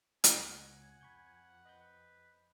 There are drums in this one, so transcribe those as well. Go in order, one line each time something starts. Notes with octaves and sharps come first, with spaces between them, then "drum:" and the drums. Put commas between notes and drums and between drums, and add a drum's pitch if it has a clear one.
C#2 C#3 F#5 G#5 F#6, drum: hi-hat
F2 B5 C#6 G6
B4 D#5 B5 G6